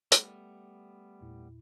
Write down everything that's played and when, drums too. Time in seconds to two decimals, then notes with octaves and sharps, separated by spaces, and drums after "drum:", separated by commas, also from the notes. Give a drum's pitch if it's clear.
0.12 G3 A3 B3, drum: hi-hat
1.21 E2 A#2 E4